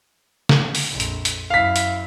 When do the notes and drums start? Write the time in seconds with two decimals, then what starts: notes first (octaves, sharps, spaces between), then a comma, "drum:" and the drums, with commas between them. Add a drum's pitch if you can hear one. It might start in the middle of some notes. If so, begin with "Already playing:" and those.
0.49 drum: snare
0.75 drum: open hi-hat
0.90 A#1 F2
1.00 drum: hi-hat
1.25 drum: hi-hat
1.50 F#2 E4 F5 B6
1.76 drum: hi-hat